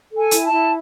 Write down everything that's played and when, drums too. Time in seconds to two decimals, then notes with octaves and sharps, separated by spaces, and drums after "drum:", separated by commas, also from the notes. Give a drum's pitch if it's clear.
0.11 A4
0.17 G#5
0.31 E4, drum: hi-hat
0.45 A5
0.52 E4